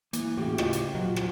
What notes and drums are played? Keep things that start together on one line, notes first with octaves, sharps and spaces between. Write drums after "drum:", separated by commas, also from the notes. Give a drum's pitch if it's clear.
E3 A#3, drum: hi-hat
A2 C#3 F#4 G4
F4 D#5, drum: rim click
drum: hi-hat
A#2 F3 F#3
drum: rim click